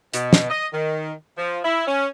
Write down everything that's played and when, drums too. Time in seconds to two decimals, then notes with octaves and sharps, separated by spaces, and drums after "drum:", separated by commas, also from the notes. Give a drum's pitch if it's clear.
0.14 B2, drum: hi-hat
0.33 drum: snare
0.50 D#5
0.73 D#3
1.38 F3
1.64 E4
1.87 C#4